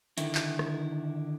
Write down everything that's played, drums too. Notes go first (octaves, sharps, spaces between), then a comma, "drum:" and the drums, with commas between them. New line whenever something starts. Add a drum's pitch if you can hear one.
D3 D#3 E4, drum: hi-hat
drum: clap
drum: rim click